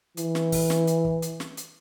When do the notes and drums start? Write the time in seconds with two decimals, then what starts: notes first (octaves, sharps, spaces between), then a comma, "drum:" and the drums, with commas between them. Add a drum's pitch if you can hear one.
0.17 E3, drum: hi-hat
0.35 drum: snare
0.52 drum: kick, open hi-hat
0.70 drum: snare
0.87 drum: hi-hat
1.05 drum: kick
1.22 drum: hi-hat
1.40 drum: snare
1.57 drum: hi-hat